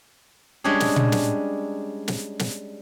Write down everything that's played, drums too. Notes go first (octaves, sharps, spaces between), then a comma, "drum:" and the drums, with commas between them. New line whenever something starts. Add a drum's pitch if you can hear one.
G3 G#3 C#4 D4 G4 G#4
drum: snare
drum: tom A#2
drum: snare
drum: snare
drum: snare